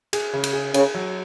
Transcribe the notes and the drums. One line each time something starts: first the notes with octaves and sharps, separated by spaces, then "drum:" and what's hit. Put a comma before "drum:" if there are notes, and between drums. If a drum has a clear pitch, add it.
G#4, drum: cymbal
C#3
drum: cymbal
G#4
C#3 G#4, drum: cymbal
F#3